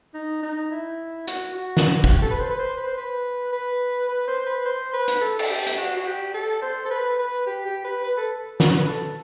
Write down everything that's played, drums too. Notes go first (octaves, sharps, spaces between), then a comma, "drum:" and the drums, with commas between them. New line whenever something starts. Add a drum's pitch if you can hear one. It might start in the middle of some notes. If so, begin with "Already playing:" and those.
D#4
D#4
E4
F#4, drum: hi-hat
F#4
drum: snare
F#4, drum: kick
G4
A4
B4
C5
B4
C5
B4
C5
B4
B4
B4
C5
B4
C5
B4
drum: hi-hat
A4
A4, drum: cymbal
G4
drum: hi-hat
F#4
F#4
G4
A4
C5
A4
B4
B4
G4
G4
B4
B4
A4
F#4, drum: snare
B4
A4